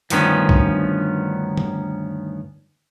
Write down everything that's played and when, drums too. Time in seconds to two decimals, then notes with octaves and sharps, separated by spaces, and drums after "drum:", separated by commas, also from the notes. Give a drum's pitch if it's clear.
0.10 D2 G2 D#3 F3 B3 C#4, drum: hi-hat
0.49 drum: kick
1.57 drum: tom D3